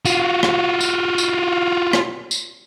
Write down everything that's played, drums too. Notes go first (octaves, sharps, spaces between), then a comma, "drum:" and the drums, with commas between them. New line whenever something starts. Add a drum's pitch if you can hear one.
F4 F#4, drum: tambourine
drum: rim click
drum: tambourine
drum: tambourine
drum: rim click
drum: tambourine